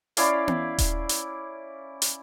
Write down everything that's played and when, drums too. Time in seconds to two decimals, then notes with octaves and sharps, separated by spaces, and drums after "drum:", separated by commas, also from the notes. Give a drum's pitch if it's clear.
0.17 C#4 E4 D5 F5, drum: hi-hat
0.48 drum: tom B3
0.78 drum: kick D#1, hi-hat
1.09 drum: hi-hat
2.02 drum: hi-hat